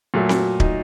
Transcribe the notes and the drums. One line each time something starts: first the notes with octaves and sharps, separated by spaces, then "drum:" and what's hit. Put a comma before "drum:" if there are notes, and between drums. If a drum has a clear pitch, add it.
A#2 F#3 A3
drum: snare C4
D#4, drum: kick